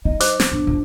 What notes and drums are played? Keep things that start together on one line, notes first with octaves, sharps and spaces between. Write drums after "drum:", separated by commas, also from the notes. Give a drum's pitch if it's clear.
D#4 D#5
C5 D6, drum: hi-hat
drum: snare
F2 B3 D4
F2